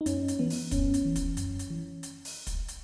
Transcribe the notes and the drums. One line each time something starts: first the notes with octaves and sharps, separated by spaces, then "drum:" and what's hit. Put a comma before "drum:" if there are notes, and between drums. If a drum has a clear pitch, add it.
D#4
F#2 C#4, drum: hi-hat
drum: hi-hat
E3 B3
drum: open hi-hat
F#2 C#4, drum: kick, hi-hat
drum: hi-hat
E3
drum: kick, hi-hat
F#2, drum: hi-hat
drum: hi-hat
E3
drum: hi-hat
drum: open hi-hat
drum: kick, hi-hat
drum: hi-hat